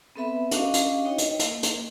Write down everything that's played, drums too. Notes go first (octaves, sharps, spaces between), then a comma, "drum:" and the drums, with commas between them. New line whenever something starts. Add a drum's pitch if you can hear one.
B3 C4 A4 B4 E5 B5
C#4 D4 F#4 G4 D#5 F5, drum: hi-hat
drum: hi-hat
D#4 C#5 D#5 G5
drum: hi-hat
A#3, drum: hi-hat
drum: hi-hat